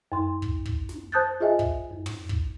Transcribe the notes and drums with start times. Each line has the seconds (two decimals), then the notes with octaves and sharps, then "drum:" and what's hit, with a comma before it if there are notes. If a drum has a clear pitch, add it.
0.12 F#2 C6
0.42 drum: kick
0.66 drum: kick
0.89 drum: snare
1.12 C5 A5 D#6 F#6 G6 A6
1.40 F4 G#4 D#5 E5 G#5
1.59 drum: kick
1.91 F#2
2.06 drum: tom
2.29 drum: kick